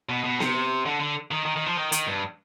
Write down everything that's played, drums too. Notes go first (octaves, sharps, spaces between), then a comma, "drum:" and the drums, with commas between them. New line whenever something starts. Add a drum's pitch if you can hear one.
B2
B2
C3, drum: snare B3
D3
D3
D#3
D#3
D#3
F3
D#3
D#3, drum: hi-hat
G2